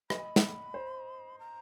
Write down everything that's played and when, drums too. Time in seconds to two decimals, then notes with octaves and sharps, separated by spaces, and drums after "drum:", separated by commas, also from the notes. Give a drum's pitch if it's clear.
0.10 D#5 B5, drum: rim click
0.36 drum: snare
0.74 C5
1.39 A#5